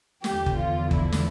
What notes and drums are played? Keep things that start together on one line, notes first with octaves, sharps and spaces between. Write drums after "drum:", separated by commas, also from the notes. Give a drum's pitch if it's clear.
E2 D3 F3 G4, drum: snare
drum: kick
F4
E4, drum: kick
drum: snare